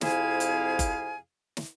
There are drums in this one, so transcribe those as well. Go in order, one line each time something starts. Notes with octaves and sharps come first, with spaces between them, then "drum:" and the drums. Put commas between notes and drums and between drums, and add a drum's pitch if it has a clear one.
F2 C3 E4 G#4 F5 G#5, drum: snare
drum: hi-hat
drum: kick F#1, hi-hat
drum: snare